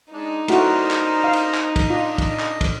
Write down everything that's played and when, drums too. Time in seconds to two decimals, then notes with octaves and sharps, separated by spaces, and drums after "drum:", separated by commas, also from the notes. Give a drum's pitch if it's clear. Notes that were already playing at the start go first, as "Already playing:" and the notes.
0.13 G#3 D4 D#4
0.48 A3 E4 F#4 A#4 C5 D5, drum: cymbal
0.91 drum: clap
1.24 F5
1.33 drum: cymbal
1.55 drum: clap
1.76 drum: kick, cymbal
1.90 D4 F4 D#5
2.18 drum: kick, cymbal
2.40 drum: clap
2.61 drum: kick, cymbal